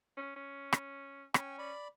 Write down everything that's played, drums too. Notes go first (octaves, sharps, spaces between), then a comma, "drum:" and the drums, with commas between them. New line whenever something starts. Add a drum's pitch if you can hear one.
C#4
C#4
drum: rim click
C#4 G5 G#5, drum: rim click
D5 B5